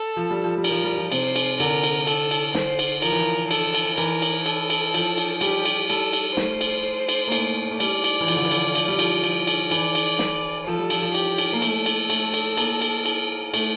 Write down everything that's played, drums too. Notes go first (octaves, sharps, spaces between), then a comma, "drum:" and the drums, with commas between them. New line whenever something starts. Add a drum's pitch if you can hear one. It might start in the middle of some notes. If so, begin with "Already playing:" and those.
Already playing: A4
F3
G3
F3
G3
A#4, drum: cymbal
F3
G3
F3
C3 C5, drum: cymbal
drum: cymbal
D3 A#4, drum: cymbal
drum: cymbal
A4, drum: cymbal
drum: cymbal
C5, drum: snare
drum: cymbal
F3 A#4, drum: cymbal
E3
F3
A4, drum: cymbal
drum: cymbal
E3 A#4, drum: cymbal
drum: cymbal
A4, drum: cymbal
drum: cymbal
F3, drum: cymbal
drum: cymbal
G3 G4, drum: cymbal
drum: cymbal
G3 A4, drum: cymbal
drum: cymbal
A3 C5, drum: snare
drum: cymbal
drum: cymbal
A#3
A3, drum: cymbal
A3
G3 D5, drum: cymbal
drum: cymbal
E3
F3, drum: cymbal
D3
E3
F3, drum: cymbal
F3, drum: cymbal
G3
F3, drum: cymbal
F3, drum: cymbal
drum: cymbal
E3 D5, drum: cymbal
drum: cymbal
drum: snare
F3 A4
G3
F3, drum: cymbal
F3
G4, drum: cymbal
drum: cymbal
A#3
A3 A4, drum: cymbal
drum: cymbal
A3, drum: cymbal
drum: cymbal
A#3, drum: cymbal
drum: cymbal
drum: cymbal
A3, drum: cymbal